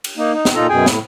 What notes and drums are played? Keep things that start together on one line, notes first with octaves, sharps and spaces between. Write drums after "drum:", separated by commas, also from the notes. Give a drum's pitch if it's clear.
drum: cymbal
A#3 D#4
D#4
drum: snare
A#2 D#4 F4 A4 A#5
F#2 B2 G#4 G5 G#5
A2, drum: snare